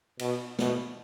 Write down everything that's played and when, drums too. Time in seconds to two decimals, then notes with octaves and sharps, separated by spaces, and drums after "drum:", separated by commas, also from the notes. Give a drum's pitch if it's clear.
0.19 B2, drum: cymbal
0.59 B2, drum: snare